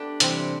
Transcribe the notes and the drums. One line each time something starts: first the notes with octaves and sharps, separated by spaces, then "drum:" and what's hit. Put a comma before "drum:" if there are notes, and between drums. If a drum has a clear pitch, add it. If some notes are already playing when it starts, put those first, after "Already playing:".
Already playing: A3 B3 D4 G4
C3 E3 G3 C4, drum: hi-hat